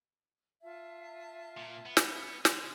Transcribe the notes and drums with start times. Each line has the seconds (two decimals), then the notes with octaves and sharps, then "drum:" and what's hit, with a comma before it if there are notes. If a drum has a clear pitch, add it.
0.63 F4 E5 A5
1.57 A#2
1.86 B3
1.97 drum: snare
2.45 D3 D6, drum: snare